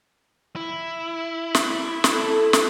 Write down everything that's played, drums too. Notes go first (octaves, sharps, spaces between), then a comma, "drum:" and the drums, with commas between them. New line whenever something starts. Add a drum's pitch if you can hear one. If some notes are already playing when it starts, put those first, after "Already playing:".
E4
drum: snare
drum: snare
A4
drum: snare